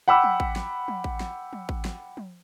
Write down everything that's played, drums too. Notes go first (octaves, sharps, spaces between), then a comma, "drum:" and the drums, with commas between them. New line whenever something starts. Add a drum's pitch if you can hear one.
F#5 G5 B5 D6 E6
drum: tom F3
drum: kick A1
drum: snare
drum: tom F3
drum: kick A1
drum: snare
drum: tom F3
drum: kick A1
drum: snare
drum: tom F3